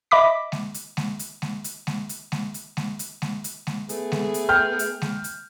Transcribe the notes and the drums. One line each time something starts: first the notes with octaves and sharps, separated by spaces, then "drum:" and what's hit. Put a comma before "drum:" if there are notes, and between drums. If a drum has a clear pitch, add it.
D#5 E5 B5 D6 B6
drum: snare G#3
drum: hi-hat
drum: snare G#3
drum: hi-hat
drum: snare G#3
drum: hi-hat
drum: snare G#3
drum: hi-hat
drum: snare G#3
drum: hi-hat
drum: snare G#3
drum: hi-hat
drum: snare G#3
drum: hi-hat
drum: snare G#3
A3 B3 G#4, drum: hi-hat
drum: snare G#3
drum: hi-hat
G5 F6 G6
drum: hi-hat
drum: snare G#3
drum: hi-hat